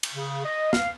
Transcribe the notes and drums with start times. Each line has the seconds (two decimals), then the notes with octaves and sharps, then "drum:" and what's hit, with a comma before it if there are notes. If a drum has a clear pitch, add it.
0.03 drum: cymbal
0.14 C#3
0.45 D#5
0.73 F5, drum: snare